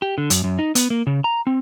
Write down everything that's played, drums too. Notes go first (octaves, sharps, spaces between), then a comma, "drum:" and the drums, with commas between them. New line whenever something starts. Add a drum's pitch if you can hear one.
G4
D3
F#2, drum: hi-hat
F#2
D#4
B3, drum: hi-hat
A#3
C#3
A#5
C4